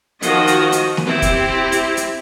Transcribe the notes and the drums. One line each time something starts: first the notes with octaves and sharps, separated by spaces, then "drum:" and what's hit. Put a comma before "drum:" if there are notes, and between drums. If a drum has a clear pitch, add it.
D#3 F3 F#4 D#5, drum: hi-hat
drum: hi-hat
drum: hi-hat
drum: snare
C4 E4 G4
drum: kick, hi-hat
drum: hi-hat
drum: hi-hat